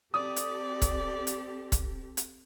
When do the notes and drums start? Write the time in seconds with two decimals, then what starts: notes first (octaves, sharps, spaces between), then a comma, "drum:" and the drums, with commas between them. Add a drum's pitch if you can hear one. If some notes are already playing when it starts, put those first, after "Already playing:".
0.14 C4 G4 A4 D5 D#6
0.36 drum: hi-hat
0.82 drum: kick, hi-hat
1.27 drum: hi-hat
1.72 drum: kick, hi-hat
2.17 drum: hi-hat